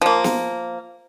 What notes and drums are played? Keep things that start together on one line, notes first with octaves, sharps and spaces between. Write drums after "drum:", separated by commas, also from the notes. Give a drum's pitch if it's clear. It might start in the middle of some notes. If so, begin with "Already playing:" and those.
F3 A#3
drum: snare